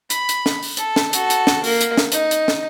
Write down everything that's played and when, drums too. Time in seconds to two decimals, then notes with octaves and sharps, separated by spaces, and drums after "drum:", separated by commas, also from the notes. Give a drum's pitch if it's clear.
0.10 B5, drum: hi-hat
0.29 drum: hi-hat
0.46 drum: snare
0.63 drum: open hi-hat
0.77 A4, drum: hi-hat
0.96 drum: snare
1.13 F#4 A4, drum: hi-hat
1.30 drum: hi-hat
1.47 drum: snare
1.64 A#3 A#4, drum: open hi-hat
1.81 drum: hi-hat
1.97 drum: snare
2.12 D#4, drum: hi-hat
2.31 drum: hi-hat
2.48 drum: snare